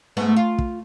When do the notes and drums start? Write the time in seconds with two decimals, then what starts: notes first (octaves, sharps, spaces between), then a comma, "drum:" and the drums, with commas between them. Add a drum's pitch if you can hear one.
0.17 G#2 A3 B3
0.36 F4
0.58 drum: kick